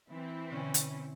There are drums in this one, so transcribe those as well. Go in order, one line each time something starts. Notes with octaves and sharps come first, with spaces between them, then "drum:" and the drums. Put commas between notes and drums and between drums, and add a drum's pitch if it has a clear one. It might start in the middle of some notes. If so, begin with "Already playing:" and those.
E3 C4 E4
B2 D3 C#4
drum: hi-hat